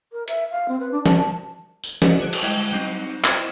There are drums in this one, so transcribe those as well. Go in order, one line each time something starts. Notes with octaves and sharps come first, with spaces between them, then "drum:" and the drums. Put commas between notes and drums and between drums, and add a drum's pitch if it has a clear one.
A#4
E5, drum: hi-hat
F5
C4
B4
D4
A5, drum: snare
A5
drum: tambourine
E4 F#4 D#5, drum: snare
D3 G#4 C5 F#6 D7
drum: cymbal
G3 G#3 E4 D#5 G5
F#3 G3 C4 D#4
E4 C5 D#5 G5, drum: clap